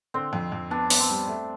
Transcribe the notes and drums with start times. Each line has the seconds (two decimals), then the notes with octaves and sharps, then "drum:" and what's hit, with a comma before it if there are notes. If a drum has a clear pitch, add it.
0.14 D3 C4
0.33 F2
0.52 F2
0.71 B3 D4
0.90 B3, drum: open hi-hat
1.00 C4
1.10 G3
1.28 A3